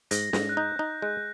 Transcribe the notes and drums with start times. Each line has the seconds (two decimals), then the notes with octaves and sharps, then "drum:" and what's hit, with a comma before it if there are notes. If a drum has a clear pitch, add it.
0.11 G#2 A#6, drum: hi-hat
0.33 G#2, drum: snare
0.49 F#6
0.57 D#4 G6
0.79 D#4
1.02 G#3 F#6